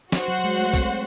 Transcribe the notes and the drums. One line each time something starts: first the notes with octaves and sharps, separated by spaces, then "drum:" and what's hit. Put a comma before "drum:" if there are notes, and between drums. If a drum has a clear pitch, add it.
F#4 C5 F#5, drum: snare
F#3
F#3
G#3
A3
C4, drum: kick, tambourine